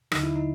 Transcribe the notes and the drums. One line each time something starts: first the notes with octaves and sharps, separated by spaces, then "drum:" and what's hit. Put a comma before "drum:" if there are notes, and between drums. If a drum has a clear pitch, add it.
D#2 D3 F#3 D#4, drum: rim click
E4
D#4